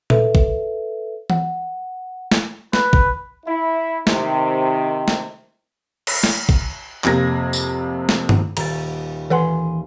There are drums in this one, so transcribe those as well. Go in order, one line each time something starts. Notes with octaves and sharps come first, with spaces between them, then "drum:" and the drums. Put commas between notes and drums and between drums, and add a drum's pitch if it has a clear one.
A4 B4 E5, drum: tom A#2
drum: kick
F#5, drum: tom E3
drum: snare
B4, drum: snare
drum: kick
E4
C3 D#3, drum: snare
drum: snare
drum: cymbal
drum: snare
drum: kick
F2 C3 A#3 G#6 A#6, drum: clap
drum: tambourine
drum: snare
drum: tom G2
D#1 A#5 A6, drum: cymbal
E3 A4 B4 F#5 G#5 C6